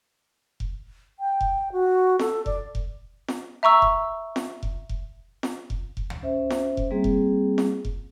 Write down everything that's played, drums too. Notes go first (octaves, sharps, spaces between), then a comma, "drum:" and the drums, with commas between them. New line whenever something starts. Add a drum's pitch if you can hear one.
drum: kick F1
G5
drum: kick F1
F#4
A4, drum: snare
D5, drum: kick F1
drum: kick F1
drum: snare
E5 A#5 C#6 E6
drum: kick F1
drum: snare
drum: kick F1
drum: kick F1
drum: snare
drum: kick F1
drum: kick F1
drum: tom
C#4 C5 E5
drum: snare
drum: kick F1
G3 A#3 C4 G#4
drum: kick F1
drum: snare
drum: kick F1